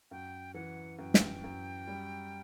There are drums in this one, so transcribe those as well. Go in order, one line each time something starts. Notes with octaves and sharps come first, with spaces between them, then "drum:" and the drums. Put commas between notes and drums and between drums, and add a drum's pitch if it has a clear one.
F#2 G5
E3 F#5
F#2 G5
drum: snare
F#2
G3